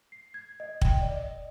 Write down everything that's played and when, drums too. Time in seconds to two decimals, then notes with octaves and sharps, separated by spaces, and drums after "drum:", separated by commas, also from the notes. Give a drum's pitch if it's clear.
0.12 C7
0.34 G#6
0.60 D#5
0.81 G5, drum: kick
1.01 D5
1.15 D#5